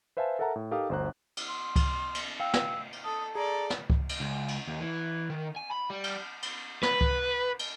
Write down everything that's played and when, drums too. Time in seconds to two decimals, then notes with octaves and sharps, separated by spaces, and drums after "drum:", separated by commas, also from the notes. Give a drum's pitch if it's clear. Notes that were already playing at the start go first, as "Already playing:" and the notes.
0.17 B4 C5 E5 F5 G#5 A5
0.39 A4 A#4 E5 F#5 A5 A#5
0.56 A2
0.71 D#4 G4 A4 A#4 F5 D#6
0.89 G1 D2 C5 A#5 F#6
1.37 drum: cymbal
1.48 C6
1.76 drum: kick C#2, cymbal
2.15 drum: cymbal
2.40 F5 G5 E6
2.53 drum: snare
2.92 drum: cymbal
3.04 A4 D#6
3.35 G#4 A4 D5 A#5
3.70 drum: snare
3.90 drum: kick C#2
4.09 drum: cymbal
4.20 C#2
4.48 drum: cymbal
4.67 D#2
4.81 E3
5.30 D#3
5.56 G#5
5.71 B5
5.90 G3
6.04 drum: cymbal
6.42 drum: cymbal
6.83 B4, drum: snare
7.01 drum: kick C#2
7.59 drum: cymbal